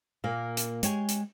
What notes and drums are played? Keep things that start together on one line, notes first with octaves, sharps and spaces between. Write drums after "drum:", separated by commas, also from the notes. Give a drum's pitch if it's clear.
A#2 A#3
drum: hi-hat
G#3 G4 C#5 G#5, drum: hi-hat
drum: hi-hat